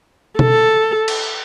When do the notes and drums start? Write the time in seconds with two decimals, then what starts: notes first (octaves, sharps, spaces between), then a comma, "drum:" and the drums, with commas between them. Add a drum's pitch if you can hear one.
0.39 A4, drum: tom
1.08 drum: cymbal